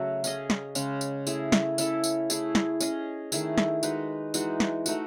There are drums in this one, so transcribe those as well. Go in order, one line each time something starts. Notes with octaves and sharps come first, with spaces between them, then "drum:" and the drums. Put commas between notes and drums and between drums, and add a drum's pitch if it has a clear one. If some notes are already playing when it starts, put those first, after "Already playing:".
Already playing: C#3 F#3 A3 F#4
C#4 G#4 D#5, drum: tambourine
drum: snare
C#3 G#3 C#4, drum: tambourine
drum: tambourine
A3 E4 G#4, drum: tambourine
drum: snare
C#4 E4 A4, drum: tambourine
drum: tambourine
A3 E4 G#4, drum: tambourine
drum: snare
C#4 G#4 D#5, drum: tambourine
D#3 A3 E4 G#4, drum: tambourine
drum: snare
G#3 D#4 F#4 B4, drum: tambourine
E3 G#3 D#4 F#4, drum: tambourine
drum: snare
A3 D#4 F#4, drum: tambourine